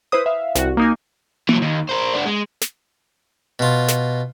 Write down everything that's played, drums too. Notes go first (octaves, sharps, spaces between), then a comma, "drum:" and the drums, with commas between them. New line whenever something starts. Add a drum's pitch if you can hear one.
E4 B4 C5 D#6
E5 F5
C2 F#4, drum: snare
A#3 D#4 G#5
E3 F#3, drum: tom A#3
D#2 D#3
A#4 C5
B3 D4
G#3
drum: snare
B2 F4
drum: snare